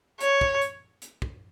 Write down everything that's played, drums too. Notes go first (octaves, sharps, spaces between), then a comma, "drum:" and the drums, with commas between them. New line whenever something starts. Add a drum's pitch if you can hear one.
C#5, drum: hi-hat
drum: kick
drum: hi-hat
drum: hi-hat
drum: kick